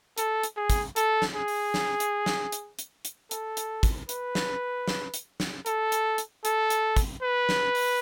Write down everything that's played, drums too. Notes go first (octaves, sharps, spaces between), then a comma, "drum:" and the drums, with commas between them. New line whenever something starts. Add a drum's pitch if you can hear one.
A4, drum: hi-hat
drum: hi-hat
G#4
drum: kick, hi-hat
A4, drum: hi-hat
drum: snare
G#4
drum: open hi-hat
drum: snare
drum: hi-hat
drum: snare
drum: hi-hat
drum: hi-hat
drum: hi-hat
A4, drum: hi-hat
drum: hi-hat
drum: kick, hi-hat
B4, drum: hi-hat
drum: snare
drum: snare
drum: hi-hat
drum: snare
A4, drum: hi-hat
drum: hi-hat
drum: hi-hat
A4, drum: hi-hat
drum: hi-hat
drum: kick, hi-hat
B4
drum: snare
drum: open hi-hat